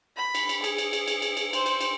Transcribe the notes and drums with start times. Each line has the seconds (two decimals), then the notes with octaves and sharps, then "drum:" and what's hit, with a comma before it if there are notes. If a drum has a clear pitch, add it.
0.17 B5
0.35 drum: cymbal
0.49 drum: cymbal
0.64 G#4, drum: cymbal
0.78 drum: cymbal
0.93 drum: cymbal
1.08 drum: cymbal
1.22 drum: cymbal
1.37 drum: cymbal
1.53 C5, drum: cymbal
1.66 drum: cymbal
1.81 drum: cymbal